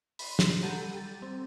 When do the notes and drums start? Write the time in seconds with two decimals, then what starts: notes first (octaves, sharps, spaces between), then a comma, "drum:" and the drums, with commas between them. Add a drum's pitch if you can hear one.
0.19 B5 C6, drum: open hi-hat
0.39 drum: snare
0.63 G3 G4 A4 F#5 A#5 D#7
0.94 G3 A6
1.22 C4